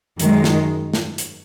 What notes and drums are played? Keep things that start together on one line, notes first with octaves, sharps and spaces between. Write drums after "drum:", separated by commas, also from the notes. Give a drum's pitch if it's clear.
F#2 D#3 G#3, drum: hi-hat
drum: snare
drum: snare
drum: hi-hat